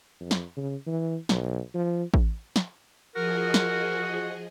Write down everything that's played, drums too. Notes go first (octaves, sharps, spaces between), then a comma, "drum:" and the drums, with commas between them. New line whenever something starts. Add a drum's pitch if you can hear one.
F2
drum: snare
C#3
E3
B1, drum: snare
F3
drum: kick A1
drum: snare
F3 F#4 G#4 A#4 D#5
drum: snare